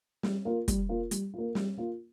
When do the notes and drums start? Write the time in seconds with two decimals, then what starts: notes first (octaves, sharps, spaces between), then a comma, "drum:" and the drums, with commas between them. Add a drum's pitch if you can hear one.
0.23 G3, drum: snare
0.45 A#3 F4
0.68 G3, drum: kick, hi-hat
0.89 A#3 F4
1.11 G3, drum: hi-hat
1.34 A#3 F4
1.55 G3, drum: snare
1.78 A#3 F4